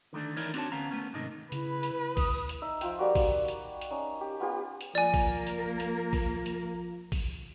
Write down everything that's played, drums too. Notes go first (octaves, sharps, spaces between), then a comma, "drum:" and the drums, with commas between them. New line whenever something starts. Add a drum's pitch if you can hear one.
D3 D#3 A3 D4
E3 D#4 E4 A#4 C#5 D5
C4 D4 F#4 A#4 C#5 A5, drum: hi-hat
D2 B3 C#4 F5 A#5
A3 B3 C#4
G#2 C3 D#3 D#4
C#3 E4 B4, drum: hi-hat
drum: hi-hat
D2 D#6, drum: kick A1, open hi-hat
drum: hi-hat
D#4 E5
F3 F4 G5, drum: hi-hat
G3 A#3 F#4
drum: kick A1, open hi-hat
drum: hi-hat
drum: hi-hat
C#4 D#4
G4
B3 F4 G4
drum: hi-hat
F3 A#3 A#4 D5 G#5
drum: kick A1, open hi-hat
drum: hi-hat
drum: hi-hat
drum: kick A1, open hi-hat
drum: hi-hat
drum: kick A1, open hi-hat